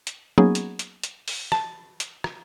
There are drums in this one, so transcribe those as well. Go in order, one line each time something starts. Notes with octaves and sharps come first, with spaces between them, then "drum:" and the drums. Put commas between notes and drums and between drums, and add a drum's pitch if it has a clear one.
drum: hi-hat
F#3 A#3 B3 C#4 D#4 G#4
drum: hi-hat
drum: hi-hat
drum: hi-hat
drum: open hi-hat
A5, drum: rim click
drum: hi-hat
drum: rim click